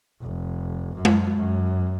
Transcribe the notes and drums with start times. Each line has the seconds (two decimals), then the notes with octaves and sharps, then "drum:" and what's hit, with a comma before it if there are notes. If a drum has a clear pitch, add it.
0.21 F1
0.96 F#2
1.05 drum: tom G#3
1.35 F#2